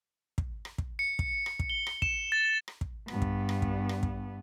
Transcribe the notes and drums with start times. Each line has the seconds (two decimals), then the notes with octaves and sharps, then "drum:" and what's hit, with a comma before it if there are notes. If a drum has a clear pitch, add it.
0.38 drum: kick
0.65 drum: rim click
0.78 drum: kick
0.99 C#7
1.19 drum: kick
1.46 drum: rim click
1.60 drum: kick
1.70 G7
1.87 drum: rim click
2.02 E7, drum: kick
2.32 A6
2.68 drum: rim click
2.81 drum: kick
3.08 G2 B3, drum: rim click
3.22 drum: kick
3.49 drum: rim click
3.62 drum: kick
3.89 drum: rim click
4.03 drum: kick